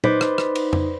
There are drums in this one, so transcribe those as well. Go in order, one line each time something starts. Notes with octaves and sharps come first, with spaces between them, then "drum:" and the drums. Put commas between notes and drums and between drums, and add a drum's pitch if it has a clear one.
D#4 B4 C5 D5, drum: tom
drum: rim click
drum: rim click
drum: cymbal
drum: tom F2